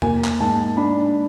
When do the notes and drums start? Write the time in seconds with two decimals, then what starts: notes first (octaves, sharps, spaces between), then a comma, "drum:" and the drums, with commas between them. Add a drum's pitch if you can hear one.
0.02 A#3 G#5, drum: tom E2
0.24 drum: clap
0.40 G#2 A5
0.77 D4 B5